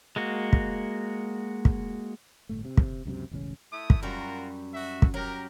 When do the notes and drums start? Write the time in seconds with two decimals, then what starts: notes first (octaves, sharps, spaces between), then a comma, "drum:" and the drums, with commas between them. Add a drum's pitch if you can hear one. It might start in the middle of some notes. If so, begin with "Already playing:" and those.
0.16 G#3 A#3 F#4
0.53 drum: kick
1.65 drum: kick
2.49 G1 A2 A3
2.65 C3
2.77 drum: kick
3.05 C#2 F#2 C3
3.31 E1 A1 C#3 C#4
3.72 A3 E4 D#6
3.90 drum: kick
4.03 F#2 G3 F4 F#4 A#4
4.74 F#4 E5
5.02 drum: kick
5.14 F#3 G4 A#4